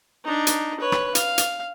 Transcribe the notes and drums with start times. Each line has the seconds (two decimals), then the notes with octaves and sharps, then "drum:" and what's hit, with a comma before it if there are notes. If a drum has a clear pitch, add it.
0.24 D4 D#4
0.47 drum: hi-hat
0.80 B4 C#5
0.92 drum: rim click
1.15 F5, drum: hi-hat
1.38 drum: hi-hat